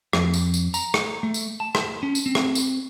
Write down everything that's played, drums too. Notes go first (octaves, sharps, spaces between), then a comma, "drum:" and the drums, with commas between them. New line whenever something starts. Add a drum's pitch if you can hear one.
F2, drum: rim click
drum: tambourine
drum: tambourine
A#5, drum: tambourine
drum: rim click
A3
drum: tambourine
A5
drum: rim click
C#4
drum: tambourine
C4
drum: rim click
drum: tambourine